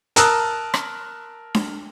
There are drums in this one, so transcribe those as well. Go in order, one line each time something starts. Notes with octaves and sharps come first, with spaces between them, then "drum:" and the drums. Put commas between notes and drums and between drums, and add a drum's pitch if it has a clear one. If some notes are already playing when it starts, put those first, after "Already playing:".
A#4 A5 A#5 D#6 E6 F#6, drum: hi-hat
drum: rim click
drum: snare D4